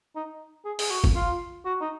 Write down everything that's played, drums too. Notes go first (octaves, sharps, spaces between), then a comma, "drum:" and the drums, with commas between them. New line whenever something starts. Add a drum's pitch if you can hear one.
D#4
G#4
G#4, drum: open hi-hat
F#4
drum: kick
F4
F#4
D#4